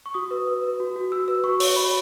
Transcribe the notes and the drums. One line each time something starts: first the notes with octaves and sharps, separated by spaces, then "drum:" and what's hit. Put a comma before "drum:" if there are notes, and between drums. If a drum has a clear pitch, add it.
C#6
F#4 D#6
B4
B4
B4
F#4
F#4
F#4 E6
B4 E6
F#4 C#6
C#5, drum: open hi-hat
C#5 B5